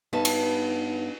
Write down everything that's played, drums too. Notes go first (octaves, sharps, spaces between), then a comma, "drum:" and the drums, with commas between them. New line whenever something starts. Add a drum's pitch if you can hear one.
G2 B3 D#4 B4 C#5 A5
drum: cymbal